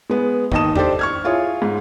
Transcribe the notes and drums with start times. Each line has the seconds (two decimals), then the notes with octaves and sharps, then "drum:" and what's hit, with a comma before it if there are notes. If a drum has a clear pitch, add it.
0.10 G#3 B3
0.52 D#2 D#3 D#5 A5 D#6 E7, drum: kick
0.75 D4 G4 A4 C5 D5, drum: tom E2
0.99 C#6 F6 G#6
1.24 E4 F4 G#4 C#5
1.62 G#2